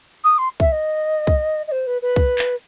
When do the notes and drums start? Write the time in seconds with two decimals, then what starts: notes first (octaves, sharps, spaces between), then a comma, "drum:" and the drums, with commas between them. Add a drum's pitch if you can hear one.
0.24 D#6
0.38 C6
0.60 E5, drum: kick C2
0.72 D#5
1.27 drum: kick C2
1.67 D#5
1.71 C5
1.87 B4
2.02 B4
2.16 drum: kick C2
2.39 drum: clap